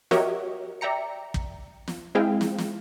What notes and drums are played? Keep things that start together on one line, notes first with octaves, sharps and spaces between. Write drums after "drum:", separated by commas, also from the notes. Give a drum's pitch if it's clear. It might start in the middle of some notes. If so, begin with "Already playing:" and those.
F#4 G4 A#4 C#5 D#5 E5, drum: snare
D5 E5 G5 A#5 C#7
drum: kick
drum: snare
G#3 C4 E4 G#4 F5 G5
drum: snare
drum: snare